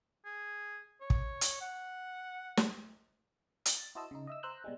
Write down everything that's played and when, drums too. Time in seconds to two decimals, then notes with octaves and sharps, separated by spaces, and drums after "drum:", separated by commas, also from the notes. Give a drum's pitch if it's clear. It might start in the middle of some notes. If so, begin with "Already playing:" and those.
0.25 G#4
1.01 C#5
1.10 drum: kick
1.41 drum: hi-hat
1.61 F#5
2.57 drum: snare
3.66 A6, drum: hi-hat
3.95 E4 F#4 C5 D#5 A5 E6
4.11 C#3 D#4
4.27 D#5 E5 E6
4.43 C5 A#5 E6 F#6 G6
4.64 B2 G3 G#3